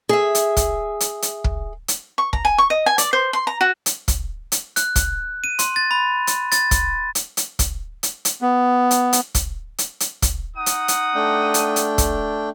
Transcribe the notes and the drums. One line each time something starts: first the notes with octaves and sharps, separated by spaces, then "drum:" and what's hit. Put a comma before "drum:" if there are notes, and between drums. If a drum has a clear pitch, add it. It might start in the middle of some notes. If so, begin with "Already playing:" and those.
G#4 E5
drum: hi-hat
drum: kick, hi-hat
drum: hi-hat
drum: hi-hat
drum: kick
drum: hi-hat
C#6
A#5, drum: kick
G#5
C#6
D#5
G#5
D5, drum: hi-hat
C5
C6
A#5
F#4
drum: hi-hat
drum: kick, hi-hat
drum: hi-hat
F#6, drum: hi-hat
drum: kick, hi-hat
D#7
C6, drum: hi-hat
A6
B5
drum: hi-hat
A6, drum: hi-hat
drum: kick, hi-hat
drum: hi-hat
drum: hi-hat
drum: kick, hi-hat
drum: hi-hat
drum: hi-hat
B3
drum: hi-hat
drum: hi-hat
drum: kick, hi-hat
drum: hi-hat
drum: hi-hat
drum: kick, hi-hat
D#4 F#5 D#6
drum: hi-hat
drum: hi-hat
A3 D4 G5
drum: hi-hat
drum: hi-hat
drum: kick, hi-hat